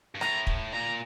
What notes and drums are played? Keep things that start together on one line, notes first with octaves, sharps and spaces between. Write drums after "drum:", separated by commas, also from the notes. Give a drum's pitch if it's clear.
G2
A2 A#5, drum: rim click
drum: kick
A#2 A#5